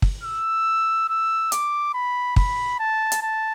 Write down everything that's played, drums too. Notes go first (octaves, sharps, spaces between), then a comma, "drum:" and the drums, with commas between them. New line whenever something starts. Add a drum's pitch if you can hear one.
drum: kick
E6
E6
D6, drum: hi-hat
B5
B5, drum: kick
A5
drum: hi-hat
A5